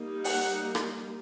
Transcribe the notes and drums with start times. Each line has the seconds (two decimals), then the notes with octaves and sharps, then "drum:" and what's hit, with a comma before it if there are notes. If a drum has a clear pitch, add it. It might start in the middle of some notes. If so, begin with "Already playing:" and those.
Already playing: G3 A#3 D#4
0.24 F#5, drum: open hi-hat
0.75 drum: rim click